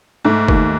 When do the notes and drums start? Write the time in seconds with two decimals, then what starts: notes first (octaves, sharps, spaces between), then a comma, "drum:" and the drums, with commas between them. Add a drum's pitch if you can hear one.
0.25 G#2 A3
0.48 D#2, drum: kick F#1